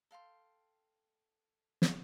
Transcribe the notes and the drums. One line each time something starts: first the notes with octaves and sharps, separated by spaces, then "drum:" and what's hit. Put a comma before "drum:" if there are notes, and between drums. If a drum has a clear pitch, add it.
A4 F5 G5 C6
drum: snare